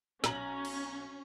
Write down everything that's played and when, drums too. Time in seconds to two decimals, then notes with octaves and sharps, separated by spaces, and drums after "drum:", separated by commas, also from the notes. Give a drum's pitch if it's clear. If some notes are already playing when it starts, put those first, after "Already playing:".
0.24 B1 C#4 A#5 F#7, drum: snare
0.65 drum: cymbal